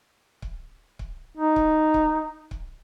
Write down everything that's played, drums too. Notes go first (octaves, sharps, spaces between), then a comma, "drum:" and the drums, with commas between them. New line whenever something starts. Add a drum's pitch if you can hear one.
drum: kick C#1
drum: kick C#1
D#4
drum: kick C#1
drum: kick C#1
drum: kick C#1